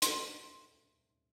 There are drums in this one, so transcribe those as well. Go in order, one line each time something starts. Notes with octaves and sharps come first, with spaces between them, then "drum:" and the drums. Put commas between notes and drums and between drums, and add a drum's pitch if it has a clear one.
C6, drum: hi-hat